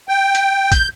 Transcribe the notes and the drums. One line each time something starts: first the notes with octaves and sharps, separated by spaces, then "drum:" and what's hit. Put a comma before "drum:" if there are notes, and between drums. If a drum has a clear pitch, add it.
G5
drum: hi-hat
G6, drum: kick A1, hi-hat